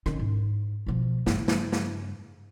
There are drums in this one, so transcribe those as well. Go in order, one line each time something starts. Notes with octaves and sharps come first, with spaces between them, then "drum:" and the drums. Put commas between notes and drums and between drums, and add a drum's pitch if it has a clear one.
D#3 C#4, drum: rim click
G#2
B2 F3
G2 C#3, drum: snare
drum: snare
drum: snare